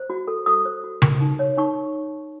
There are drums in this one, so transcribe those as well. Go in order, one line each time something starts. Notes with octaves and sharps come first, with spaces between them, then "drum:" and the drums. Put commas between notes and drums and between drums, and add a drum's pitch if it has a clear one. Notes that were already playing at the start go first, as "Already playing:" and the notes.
Already playing: C5
F#4
A4
F#4 D#6
C5
F#4
A#4, drum: tom C#3
D#4
C#5
D#4 C#6